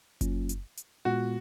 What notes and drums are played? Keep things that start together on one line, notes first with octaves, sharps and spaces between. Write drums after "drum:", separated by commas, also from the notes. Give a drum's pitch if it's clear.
F#3 A#3 C#4 F4, drum: kick F#1, hi-hat
drum: hi-hat
drum: hi-hat
A#2 G#3 B3 F4 F#4